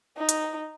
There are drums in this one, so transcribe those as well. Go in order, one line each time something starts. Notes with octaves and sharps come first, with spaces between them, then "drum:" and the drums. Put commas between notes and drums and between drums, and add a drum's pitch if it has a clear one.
D#4
drum: hi-hat